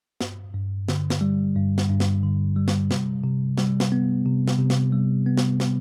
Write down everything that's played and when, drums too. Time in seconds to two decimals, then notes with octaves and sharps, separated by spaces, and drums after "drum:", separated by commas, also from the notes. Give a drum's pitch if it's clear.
0.21 G2, drum: snare
0.54 G2
0.88 D3, drum: snare
1.10 drum: snare
1.21 G3
1.56 G2
1.78 drum: snare
1.90 G2
2.00 drum: snare
2.23 D3
2.56 G3
2.68 drum: snare
2.91 C3, drum: snare
3.23 C3
3.58 G3, drum: snare
3.80 drum: snare
3.92 B3
4.26 C3
4.48 drum: snare
4.59 C3
4.70 drum: snare
4.92 G3
5.26 B3
5.37 drum: snare
5.60 drum: snare